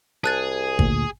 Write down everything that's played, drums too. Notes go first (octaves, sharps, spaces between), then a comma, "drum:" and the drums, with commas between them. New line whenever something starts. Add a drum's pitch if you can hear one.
C2 G#4 A5 F#6 A6
D2 A#2, drum: kick